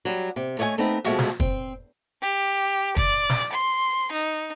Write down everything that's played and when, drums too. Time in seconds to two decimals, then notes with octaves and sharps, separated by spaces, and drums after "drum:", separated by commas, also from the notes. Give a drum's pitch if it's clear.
0.05 F#3 G3
0.36 C3
0.59 A3 C#5 D#5 F#5 G#5
0.78 A3 B3 C4 D#4 B4
1.04 B2 F3 G#3 A3 F#4 E5, drum: hi-hat
1.18 drum: snare
1.40 C4, drum: kick
2.22 G4
2.97 D5, drum: kick
3.30 drum: snare
3.53 C6
4.12 D#4